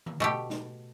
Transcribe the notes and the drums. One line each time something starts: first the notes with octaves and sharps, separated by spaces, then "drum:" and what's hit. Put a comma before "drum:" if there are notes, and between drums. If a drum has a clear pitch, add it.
drum: tom D3
B2 A3 G4
drum: snare